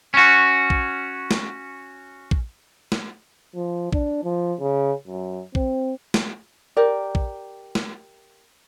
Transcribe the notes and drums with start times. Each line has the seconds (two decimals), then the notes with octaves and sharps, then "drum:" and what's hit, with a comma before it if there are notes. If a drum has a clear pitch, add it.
0.14 C#4 F#4
0.70 drum: kick
1.31 drum: snare
2.31 drum: kick
2.92 drum: snare
3.55 F3
3.93 D4, drum: kick
4.24 F3
4.60 C#3
5.07 F#2
5.55 C4, drum: kick
6.14 drum: snare
6.77 G4 A#4 D5
7.15 drum: kick
7.75 drum: snare